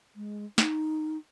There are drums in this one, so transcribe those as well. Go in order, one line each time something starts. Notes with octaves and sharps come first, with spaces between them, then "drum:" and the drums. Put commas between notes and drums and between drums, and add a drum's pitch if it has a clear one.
G#3
D#4, drum: snare